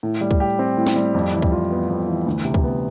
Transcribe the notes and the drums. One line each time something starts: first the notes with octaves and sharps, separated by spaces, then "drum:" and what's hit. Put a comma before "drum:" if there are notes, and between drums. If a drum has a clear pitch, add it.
A2
G3
drum: kick C#2
G4
C4
A2
drum: snare
G3
F2
E3
drum: kick C#2
F4
B3
F2
E3
D2
C3
drum: kick C#2
B3